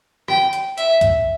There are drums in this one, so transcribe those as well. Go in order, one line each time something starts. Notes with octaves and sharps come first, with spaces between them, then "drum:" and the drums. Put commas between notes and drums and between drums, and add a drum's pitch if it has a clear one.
G5, drum: rim click
drum: hi-hat
E5, drum: hi-hat
drum: kick B1, hi-hat